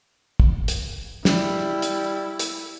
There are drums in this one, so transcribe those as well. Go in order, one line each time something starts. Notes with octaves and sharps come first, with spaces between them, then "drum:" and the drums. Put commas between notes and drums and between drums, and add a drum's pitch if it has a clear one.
drum: kick
drum: hi-hat
G3 E4, drum: snare
drum: hi-hat
drum: hi-hat